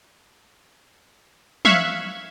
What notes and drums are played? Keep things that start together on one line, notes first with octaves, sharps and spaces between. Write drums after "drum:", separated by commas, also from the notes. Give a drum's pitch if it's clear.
E5 F5 C#6 F#6 G#6, drum: tom